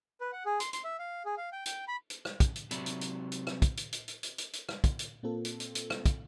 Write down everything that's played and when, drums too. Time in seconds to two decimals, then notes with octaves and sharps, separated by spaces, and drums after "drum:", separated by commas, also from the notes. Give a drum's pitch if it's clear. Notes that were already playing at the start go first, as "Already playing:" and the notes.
0.21 B4
0.32 F#5
0.46 G#4
0.60 C6, drum: hi-hat
0.73 C6, drum: hi-hat
0.84 E5
0.99 F5
1.25 G#4
1.37 F5
1.53 G5
1.66 G5, drum: hi-hat
1.88 B5
2.10 drum: hi-hat
2.25 drum: rim click
2.40 drum: kick, hi-hat
2.56 drum: hi-hat
2.71 C3 F#3 D5 E5 B5, drum: hi-hat
2.86 drum: hi-hat
3.01 drum: hi-hat
3.32 drum: hi-hat
3.47 drum: rim click
3.62 drum: kick, hi-hat
3.77 drum: hi-hat
3.92 drum: hi-hat
4.08 drum: hi-hat
4.23 drum: hi-hat
4.38 drum: hi-hat
4.53 drum: hi-hat
4.69 drum: rim click
4.84 drum: kick, hi-hat
4.99 drum: hi-hat
5.23 A#2 A#3 C4 F4 A4
5.45 drum: hi-hat
5.60 drum: hi-hat
5.75 drum: hi-hat
5.90 drum: rim click
6.06 drum: kick, hi-hat